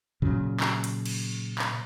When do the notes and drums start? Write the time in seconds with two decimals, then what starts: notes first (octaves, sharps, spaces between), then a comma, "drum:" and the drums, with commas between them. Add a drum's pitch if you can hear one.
0.22 A#2 C#3 F#3
0.60 drum: clap
0.84 drum: hi-hat
1.06 drum: cymbal
1.59 drum: clap